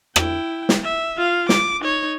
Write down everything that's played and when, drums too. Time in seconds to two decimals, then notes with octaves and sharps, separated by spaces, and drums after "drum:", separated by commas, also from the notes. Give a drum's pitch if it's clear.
0.16 E4 G5, drum: rim click
0.69 drum: snare
0.84 E5
1.17 F4 F5
1.49 D6, drum: snare
1.81 D#4 C#5